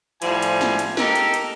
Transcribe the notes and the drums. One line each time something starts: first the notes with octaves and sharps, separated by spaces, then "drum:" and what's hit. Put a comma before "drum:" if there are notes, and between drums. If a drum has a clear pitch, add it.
A2 F3 G3 G#5, drum: hi-hat
drum: hi-hat
drum: snare
drum: hi-hat
D#4 G4 A4 A#4, drum: snare
drum: hi-hat
drum: hi-hat